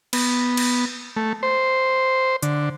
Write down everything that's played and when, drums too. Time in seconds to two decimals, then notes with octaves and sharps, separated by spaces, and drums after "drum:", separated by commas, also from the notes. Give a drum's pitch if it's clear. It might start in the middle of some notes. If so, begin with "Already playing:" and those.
0.13 B3, drum: cymbal
0.57 drum: cymbal
1.16 A3
1.43 C5
2.43 D3, drum: hi-hat